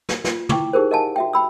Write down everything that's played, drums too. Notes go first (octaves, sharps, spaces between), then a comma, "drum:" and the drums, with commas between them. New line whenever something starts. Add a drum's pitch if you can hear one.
drum: snare
F4, drum: snare
E4 G5 C#6 D6, drum: tom
D#4 G4 G#4 A#4 C5
A#4 D#5 F5 F#5 G#5 A5
F#4 E5 G5
G5 B5 E6